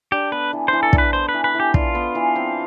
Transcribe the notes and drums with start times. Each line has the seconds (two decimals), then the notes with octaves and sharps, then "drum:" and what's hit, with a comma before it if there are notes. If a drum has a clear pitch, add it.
0.12 D4 G4
0.32 B3 B4
0.53 E3
0.68 E3 C5
0.83 A4
0.93 D4, drum: kick
0.98 B4
1.13 B3 C5
1.29 B4
1.34 E3
1.44 B4
1.55 E3
1.60 G4
1.74 D4 F4, drum: kick
1.95 B3
2.15 E3
2.36 C4